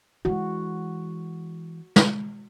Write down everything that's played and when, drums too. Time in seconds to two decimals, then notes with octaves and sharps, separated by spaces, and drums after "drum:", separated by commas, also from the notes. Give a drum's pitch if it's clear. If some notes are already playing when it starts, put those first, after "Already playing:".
0.25 E3 G#3 F#4
1.96 drum: snare